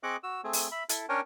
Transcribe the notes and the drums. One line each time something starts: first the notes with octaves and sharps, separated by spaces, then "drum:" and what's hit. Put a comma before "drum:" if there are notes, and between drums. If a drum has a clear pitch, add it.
C4 G#4 D#5 C#6 D6 F#6
F#4 E6
A3 C4 G#4
drum: open hi-hat
E5 B5
E4 A4, drum: hi-hat
C#4 D4 A#4 C#5 G5 G#5